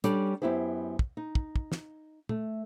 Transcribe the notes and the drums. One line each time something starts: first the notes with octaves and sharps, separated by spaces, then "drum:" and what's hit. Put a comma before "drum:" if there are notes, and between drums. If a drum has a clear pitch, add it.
G3 C#4 D4 A4 D5, drum: hi-hat
F#2 C#3 B3 E4 G4 C5
drum: kick
D#4
drum: kick
drum: kick
drum: snare
A3, drum: tom